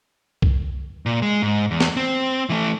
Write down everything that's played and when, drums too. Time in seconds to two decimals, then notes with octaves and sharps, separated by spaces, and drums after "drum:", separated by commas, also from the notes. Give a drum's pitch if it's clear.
0.42 drum: kick C2
1.06 A#2
1.22 G#3
1.42 G#2
1.71 E2
1.80 drum: snare
1.97 C4
2.50 E3 A3